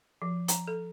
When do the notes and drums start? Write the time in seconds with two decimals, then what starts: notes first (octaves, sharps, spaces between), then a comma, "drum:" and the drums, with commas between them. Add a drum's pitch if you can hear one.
0.22 F3
0.48 A#5, drum: hi-hat
0.67 A4